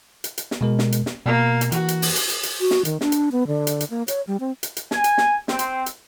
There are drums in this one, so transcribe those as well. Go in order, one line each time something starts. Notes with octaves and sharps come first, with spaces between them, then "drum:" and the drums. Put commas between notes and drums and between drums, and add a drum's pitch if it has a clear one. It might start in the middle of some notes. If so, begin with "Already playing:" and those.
drum: hi-hat
drum: hi-hat
drum: snare
B2 G#3 A#4
drum: snare
drum: hi-hat
drum: snare
B2 A#3
drum: hi-hat
E3 F#4, drum: hi-hat
drum: hi-hat
drum: open hi-hat
drum: hi-hat
drum: hi-hat
drum: hi-hat
F#4
drum: snare
D#3, drum: hi-hat
D4, drum: snare
drum: hi-hat
B3
D3
drum: hi-hat
drum: hi-hat
A#3
C#5, drum: hi-hat
G3
C4
drum: hi-hat
drum: hi-hat
G#5, drum: snare
drum: hi-hat
drum: snare
C4, drum: snare
drum: hi-hat
drum: hi-hat